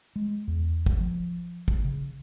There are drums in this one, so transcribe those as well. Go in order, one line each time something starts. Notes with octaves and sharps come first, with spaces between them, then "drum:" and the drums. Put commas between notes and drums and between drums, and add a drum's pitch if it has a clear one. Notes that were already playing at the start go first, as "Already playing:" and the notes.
G#3
E2
drum: kick
F3
drum: kick
C#3